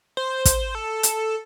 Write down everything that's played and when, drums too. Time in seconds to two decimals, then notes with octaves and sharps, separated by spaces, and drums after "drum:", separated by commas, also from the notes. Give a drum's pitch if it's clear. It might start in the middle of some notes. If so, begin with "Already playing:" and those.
0.17 C5
0.45 drum: kick, hi-hat
0.75 A4
1.03 drum: hi-hat